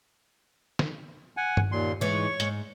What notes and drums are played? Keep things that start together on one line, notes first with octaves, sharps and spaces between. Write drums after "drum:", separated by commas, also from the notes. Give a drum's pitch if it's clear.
drum: snare
F#5 G#5
drum: tom G2
D#2 A#2 C6
G#2 E3 C#5 C#6
G#2, drum: hi-hat